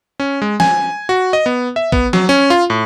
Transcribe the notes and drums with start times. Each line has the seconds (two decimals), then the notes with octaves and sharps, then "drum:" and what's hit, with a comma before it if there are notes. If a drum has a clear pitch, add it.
0.20 C#4
0.42 G#3
0.60 G#5, drum: snare
1.09 F#4
1.33 D#5
1.46 B3
1.76 E5
1.92 B3, drum: kick
2.13 F#3, drum: snare
2.29 C#4
2.50 F4
2.70 A2